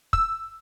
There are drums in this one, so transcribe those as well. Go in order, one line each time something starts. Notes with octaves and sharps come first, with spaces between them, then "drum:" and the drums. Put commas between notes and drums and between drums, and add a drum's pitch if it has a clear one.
E6, drum: kick